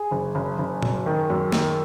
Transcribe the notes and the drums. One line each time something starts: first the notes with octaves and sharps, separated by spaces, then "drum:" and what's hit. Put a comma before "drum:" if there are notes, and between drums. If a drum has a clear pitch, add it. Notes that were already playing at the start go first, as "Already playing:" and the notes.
Already playing: G#4
F#1
F#1
F#1
F#2, drum: tom A#2
D#3
F#2
D#3, drum: snare